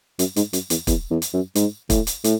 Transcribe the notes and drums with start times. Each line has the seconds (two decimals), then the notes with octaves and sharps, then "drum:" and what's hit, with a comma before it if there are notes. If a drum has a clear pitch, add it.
0.19 F#2, drum: hi-hat
0.36 G#2, drum: hi-hat
0.53 F#2, drum: hi-hat
0.70 E2, drum: hi-hat
0.87 E2, drum: kick, hi-hat
1.11 E2
1.22 drum: hi-hat
1.33 F#2
1.55 G#2, drum: hi-hat
1.90 A2, drum: kick, hi-hat
2.07 drum: hi-hat
2.24 A2, drum: hi-hat